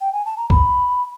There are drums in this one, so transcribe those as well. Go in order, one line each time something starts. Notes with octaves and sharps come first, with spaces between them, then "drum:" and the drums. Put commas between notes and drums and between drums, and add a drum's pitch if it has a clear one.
G5
G#5
A5
A#5
B5, drum: kick